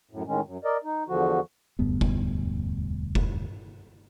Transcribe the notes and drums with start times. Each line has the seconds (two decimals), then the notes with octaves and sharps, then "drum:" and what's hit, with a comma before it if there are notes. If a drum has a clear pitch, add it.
0.11 F#2 A2
0.27 A2 D#3 G#3 C#4
0.44 F#2
0.64 A#4 D5 D#5
0.84 D#4
1.08 E2 D3 F3 F#4
1.79 E1 D2 G2 B3
2.01 drum: kick F1
3.15 drum: kick F1